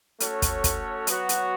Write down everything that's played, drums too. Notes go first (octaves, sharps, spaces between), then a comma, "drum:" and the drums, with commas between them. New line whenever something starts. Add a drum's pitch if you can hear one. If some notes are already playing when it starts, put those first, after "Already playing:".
A3 C#4 F#4 A4 C#5, drum: hi-hat
drum: kick, hi-hat
drum: kick, hi-hat
F#3 B3 F#4 C#5, drum: hi-hat
drum: hi-hat